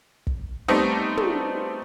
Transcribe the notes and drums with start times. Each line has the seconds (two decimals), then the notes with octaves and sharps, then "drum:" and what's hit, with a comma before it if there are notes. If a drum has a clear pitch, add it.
0.27 drum: kick
0.68 G3 A3 B3 C4 D#4
1.17 drum: tom